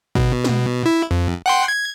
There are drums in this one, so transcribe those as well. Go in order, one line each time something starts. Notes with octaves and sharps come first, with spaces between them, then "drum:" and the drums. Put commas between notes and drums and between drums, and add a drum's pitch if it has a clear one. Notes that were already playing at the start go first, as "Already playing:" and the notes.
B2, drum: kick
drum: snare
E4
F2
F#5 G5 C6
G#6